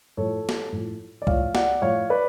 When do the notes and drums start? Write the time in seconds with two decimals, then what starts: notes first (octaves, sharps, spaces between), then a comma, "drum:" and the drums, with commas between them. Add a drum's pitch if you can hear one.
0.17 A2 F3 A4 C#5
0.49 drum: snare
0.72 A2 F3
1.22 D5
1.27 A2 F3 C#5 F5, drum: kick C2
1.55 D5 F#5, drum: snare
1.82 A2 F3 C#5 F5
2.10 B4 D5